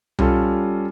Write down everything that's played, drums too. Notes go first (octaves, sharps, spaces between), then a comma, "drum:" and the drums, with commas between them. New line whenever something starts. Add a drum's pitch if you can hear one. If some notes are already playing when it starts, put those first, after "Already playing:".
G3 C#4 F4 A4, drum: tom C2